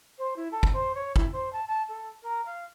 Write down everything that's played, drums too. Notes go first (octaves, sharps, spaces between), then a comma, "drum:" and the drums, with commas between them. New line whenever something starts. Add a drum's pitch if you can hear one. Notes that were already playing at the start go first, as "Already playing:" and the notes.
C5
E4
A4
drum: kick
C5
C#5
E4, drum: kick
C5
A5
A5
A4
A#4
F5